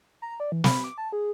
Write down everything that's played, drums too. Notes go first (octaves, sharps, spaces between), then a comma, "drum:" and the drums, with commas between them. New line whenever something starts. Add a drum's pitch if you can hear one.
A#5
D5
E3
B5, drum: snare
D6
A5
G#4